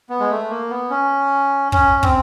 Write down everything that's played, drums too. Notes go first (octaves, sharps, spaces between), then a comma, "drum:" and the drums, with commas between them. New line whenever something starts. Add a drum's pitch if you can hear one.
B3
G#3
A3
A#3
B3
C#4
C#4, drum: kick
C4, drum: kick